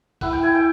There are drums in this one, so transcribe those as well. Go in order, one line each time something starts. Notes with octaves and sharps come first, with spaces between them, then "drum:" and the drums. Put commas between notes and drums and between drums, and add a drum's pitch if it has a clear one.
E4 F#5, drum: kick C2, open hi-hat
G5
E4 G#5
G5